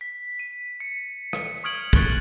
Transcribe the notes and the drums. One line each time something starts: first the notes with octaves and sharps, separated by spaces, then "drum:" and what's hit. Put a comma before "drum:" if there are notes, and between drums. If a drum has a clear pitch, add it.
B6
D#7
C#7
drum: rim click
C#6 D#6 F6 G#6 D7 F#7
C#6 F#6 G#6 A6 F#7 G7, drum: kick